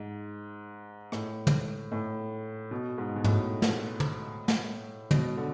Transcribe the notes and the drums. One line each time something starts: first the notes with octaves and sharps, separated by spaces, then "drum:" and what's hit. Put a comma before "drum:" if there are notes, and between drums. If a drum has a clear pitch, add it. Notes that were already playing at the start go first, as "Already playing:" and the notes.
Already playing: G#2
A2, drum: rim click
drum: tom
A2
B2
G#2
B2
A2, drum: tom
drum: snare
drum: tom
drum: snare
B2, drum: tom
D3